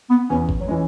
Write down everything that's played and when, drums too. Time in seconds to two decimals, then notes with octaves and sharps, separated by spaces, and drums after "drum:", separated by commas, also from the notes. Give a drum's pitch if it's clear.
0.10 B3
0.30 E2 C#4
0.49 drum: kick
0.60 F#3
0.67 E3 G#3 C#4